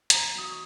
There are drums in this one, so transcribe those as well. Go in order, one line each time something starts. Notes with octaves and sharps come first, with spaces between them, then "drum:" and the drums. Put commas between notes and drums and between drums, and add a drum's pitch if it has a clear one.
E2 A#5, drum: hi-hat
F#3 D#6
C#6